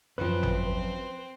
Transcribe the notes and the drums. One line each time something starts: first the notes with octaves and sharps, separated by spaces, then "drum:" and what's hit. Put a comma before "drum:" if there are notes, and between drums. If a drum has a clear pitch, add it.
F#2 F3 C4 B4
drum: tom G#1